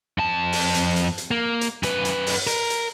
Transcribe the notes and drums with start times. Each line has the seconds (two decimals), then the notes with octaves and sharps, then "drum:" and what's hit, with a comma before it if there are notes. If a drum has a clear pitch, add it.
0.18 F2 A5
0.52 drum: open hi-hat
0.74 drum: hi-hat
0.96 drum: hi-hat
1.18 drum: hi-hat
1.31 A#3
1.61 drum: hi-hat
1.83 F#2 B4, drum: hi-hat
2.05 drum: hi-hat
2.27 drum: open hi-hat
2.47 A#4, drum: hi-hat
2.70 drum: hi-hat